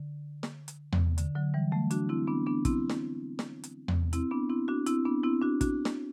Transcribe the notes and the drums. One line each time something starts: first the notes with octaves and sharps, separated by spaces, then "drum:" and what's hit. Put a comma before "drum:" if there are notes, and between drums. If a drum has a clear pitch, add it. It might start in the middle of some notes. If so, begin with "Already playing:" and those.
Already playing: D3
drum: snare
drum: hi-hat
drum: tom E2
D3, drum: hi-hat
D3 F#3
E3 G3
F#3 A3
D4 F#4, drum: hi-hat
C4 E4
B3 D4
B3 D4
C4 E4, drum: kick, hi-hat
drum: snare
drum: snare
drum: hi-hat
drum: tom E2
C4 E4, drum: hi-hat
B3 D4
C4 E4
D4 F#4
C4 E4, drum: hi-hat
B3 D4
C4 E4
D4 F#4
D4 F#4, drum: kick, hi-hat
drum: snare